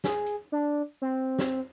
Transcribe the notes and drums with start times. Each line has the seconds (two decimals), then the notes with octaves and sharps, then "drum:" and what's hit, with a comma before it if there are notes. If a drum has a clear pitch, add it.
0.04 G#4, drum: snare
0.26 drum: hi-hat
0.52 D4
1.02 C4
1.39 drum: snare